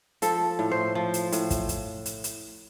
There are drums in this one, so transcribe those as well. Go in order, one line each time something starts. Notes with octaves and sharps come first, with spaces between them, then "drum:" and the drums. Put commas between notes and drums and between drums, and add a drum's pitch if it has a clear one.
F3 A4, drum: hi-hat
A2
C5
F3
drum: hi-hat
A2, drum: hi-hat
drum: kick, hi-hat
drum: hi-hat
drum: hi-hat
drum: hi-hat